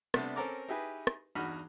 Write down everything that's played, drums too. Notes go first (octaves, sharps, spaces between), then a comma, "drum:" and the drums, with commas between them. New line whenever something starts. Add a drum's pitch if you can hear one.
C3 G3 A3 B3 D4, drum: rim click
C4 C#4 A4 A#4 A#5 D6
D#4 E4 G4 G#4 B4
drum: rim click
E2 G2 D#4 F#4 B5 F6